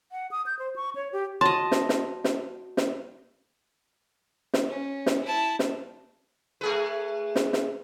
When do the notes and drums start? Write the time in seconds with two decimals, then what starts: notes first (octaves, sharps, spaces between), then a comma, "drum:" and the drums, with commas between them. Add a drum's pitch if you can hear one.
0.12 F#5
0.31 D#6
0.46 G6
0.59 C5
0.76 C#6
0.95 C#5
1.12 G4
1.41 F#4 C#5 D#5 A5 C6
1.72 drum: snare
1.89 drum: snare
2.24 drum: snare
2.77 drum: snare
4.54 drum: snare
4.67 C#4
5.06 drum: snare
5.24 E4 A5
5.59 drum: snare
6.61 A3 G#4 B4
7.36 drum: snare
7.53 drum: snare